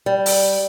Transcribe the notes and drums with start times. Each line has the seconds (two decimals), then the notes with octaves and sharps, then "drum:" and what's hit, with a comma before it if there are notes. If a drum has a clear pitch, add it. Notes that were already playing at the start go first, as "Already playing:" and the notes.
0.06 G3
0.26 drum: open hi-hat